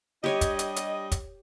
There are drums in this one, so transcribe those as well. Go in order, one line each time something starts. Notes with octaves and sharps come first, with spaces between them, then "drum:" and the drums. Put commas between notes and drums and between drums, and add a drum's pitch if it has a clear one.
G3 D4 G4 C#5 D#5 G#5
drum: kick, hi-hat
drum: hi-hat
drum: hi-hat
drum: kick, hi-hat